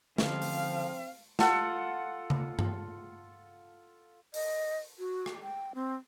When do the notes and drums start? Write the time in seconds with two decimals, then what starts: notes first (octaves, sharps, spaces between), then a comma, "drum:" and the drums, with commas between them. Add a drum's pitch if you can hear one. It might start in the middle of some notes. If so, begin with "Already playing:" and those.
0.18 D3 F3 C4 C#4 F5, drum: snare
0.42 drum: open hi-hat
1.39 F4 A4 F#5, drum: snare
2.30 drum: tom C#3
2.59 drum: tom G2
4.34 D#5, drum: open hi-hat
4.99 F#4
5.26 drum: rim click
5.43 G5
5.75 C4